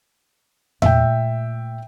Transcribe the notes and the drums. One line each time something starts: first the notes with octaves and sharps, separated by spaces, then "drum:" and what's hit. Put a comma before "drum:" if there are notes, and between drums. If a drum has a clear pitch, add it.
A#2 A3 E5 G5, drum: tom E2